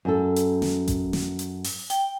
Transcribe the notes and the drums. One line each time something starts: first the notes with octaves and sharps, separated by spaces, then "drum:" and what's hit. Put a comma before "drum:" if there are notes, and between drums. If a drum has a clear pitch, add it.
F#2 A4
drum: hi-hat
drum: snare
drum: kick A1, hi-hat
drum: snare
drum: hi-hat
drum: open hi-hat
G5, drum: hi-hat